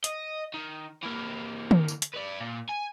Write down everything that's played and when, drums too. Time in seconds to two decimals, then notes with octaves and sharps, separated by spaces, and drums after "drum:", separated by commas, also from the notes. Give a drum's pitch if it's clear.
0.04 D#5, drum: hi-hat
0.54 D#3
1.03 E3 A#3
1.71 drum: tom
1.88 drum: tambourine
2.02 drum: hi-hat
2.14 B4 D5
2.40 A#2
2.69 G#5